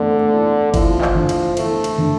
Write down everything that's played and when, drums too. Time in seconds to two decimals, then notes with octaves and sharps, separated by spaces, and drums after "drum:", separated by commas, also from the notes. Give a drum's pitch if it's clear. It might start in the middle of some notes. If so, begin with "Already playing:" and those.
Already playing: D3 A3 C4
0.32 E4
0.74 F3 E4, drum: kick G1, cymbal
1.01 drum: clap
1.15 D3
1.29 drum: cymbal
1.57 A3 E4, drum: cymbal
1.84 drum: cymbal
1.98 D3